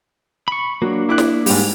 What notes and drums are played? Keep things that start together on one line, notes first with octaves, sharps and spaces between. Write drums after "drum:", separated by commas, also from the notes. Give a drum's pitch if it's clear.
B5 C#6
F#3 A#3 D4
E4 D6 F#6
drum: snare
G#2 G3, drum: open hi-hat